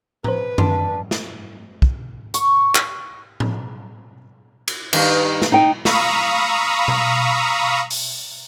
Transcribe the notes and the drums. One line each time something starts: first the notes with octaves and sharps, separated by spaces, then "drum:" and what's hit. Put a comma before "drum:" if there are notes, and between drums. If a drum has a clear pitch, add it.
B4 C5 A#5, drum: tom A2
D4 C6, drum: tom
drum: snare
drum: kick
C#6, drum: hi-hat
drum: clap
drum: tom A2
drum: cymbal
G2 D#3, drum: cymbal
drum: snare
D#4 G5
F5 A#5 B5 C#6 D#6 E6, drum: snare
drum: tom B2
drum: open hi-hat